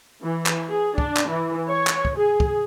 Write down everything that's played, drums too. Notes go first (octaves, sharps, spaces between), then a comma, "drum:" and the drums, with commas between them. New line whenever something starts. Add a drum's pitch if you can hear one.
E3
drum: clap
G#4
D4, drum: kick
drum: clap
E3
C#5
drum: clap
drum: kick
G#4
drum: kick